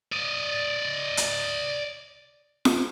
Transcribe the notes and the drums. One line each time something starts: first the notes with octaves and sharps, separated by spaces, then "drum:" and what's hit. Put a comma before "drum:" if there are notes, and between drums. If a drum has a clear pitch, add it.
D5 D#5
drum: hi-hat
drum: snare F4